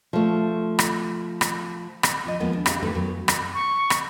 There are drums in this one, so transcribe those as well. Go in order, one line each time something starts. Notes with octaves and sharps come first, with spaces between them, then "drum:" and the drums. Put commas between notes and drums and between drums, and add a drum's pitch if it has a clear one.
F3 A3
drum: rim click
drum: rim click
drum: rim click
F3 D#5
D#2 F3 G#3 A#3 B3
D4
C4 G4 D5 F5, drum: rim click
E2 G2 D#3 A3 B4
F#2 F#3 B3
drum: rim click
C#6
drum: rim click